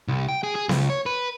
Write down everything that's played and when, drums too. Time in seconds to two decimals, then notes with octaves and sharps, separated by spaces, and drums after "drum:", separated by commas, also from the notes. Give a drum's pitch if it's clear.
0.08 C2
0.29 G5
0.43 G#4
0.55 G#4
0.69 C#2, drum: snare B3
0.90 C#5
1.06 B4